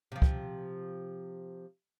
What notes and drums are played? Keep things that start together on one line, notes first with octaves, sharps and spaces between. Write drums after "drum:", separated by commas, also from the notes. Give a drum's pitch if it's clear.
C3 F3
drum: kick